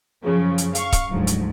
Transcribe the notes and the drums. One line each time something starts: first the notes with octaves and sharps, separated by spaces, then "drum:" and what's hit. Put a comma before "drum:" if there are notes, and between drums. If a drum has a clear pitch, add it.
F#2 C#3 F3
drum: hi-hat
F5 C#6, drum: hi-hat
drum: kick C#1, hi-hat
D2 G#2 F3 F#3
drum: hi-hat